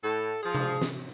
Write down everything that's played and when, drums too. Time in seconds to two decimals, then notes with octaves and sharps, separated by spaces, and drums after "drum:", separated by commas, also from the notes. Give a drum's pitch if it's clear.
0.03 A2 A4
0.43 F3 G#4
0.54 drum: tom C3
0.81 drum: snare